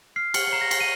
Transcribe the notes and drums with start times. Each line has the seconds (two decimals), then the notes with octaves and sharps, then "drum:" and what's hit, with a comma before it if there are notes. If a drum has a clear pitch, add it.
0.16 F6 C7
0.34 F6 C#7, drum: cymbal
0.47 C#7
0.53 A#5 C7
0.61 A#6
0.71 A#5 C7, drum: cymbal
0.80 D#7